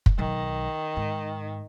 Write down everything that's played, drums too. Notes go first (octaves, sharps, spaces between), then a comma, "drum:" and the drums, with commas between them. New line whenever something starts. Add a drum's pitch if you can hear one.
drum: kick
B1 D#3 F#3
G#2